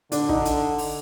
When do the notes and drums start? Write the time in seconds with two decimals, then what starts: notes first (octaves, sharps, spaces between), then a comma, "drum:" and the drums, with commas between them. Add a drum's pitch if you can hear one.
0.12 D3 D4, drum: hi-hat
0.29 D#4, drum: kick
0.45 drum: hi-hat
0.78 drum: open hi-hat